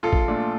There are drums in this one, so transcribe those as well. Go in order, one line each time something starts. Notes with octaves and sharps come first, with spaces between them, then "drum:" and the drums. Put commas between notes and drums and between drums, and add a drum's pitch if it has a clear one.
A#1 F4 A4
drum: kick
A#2 A3 D4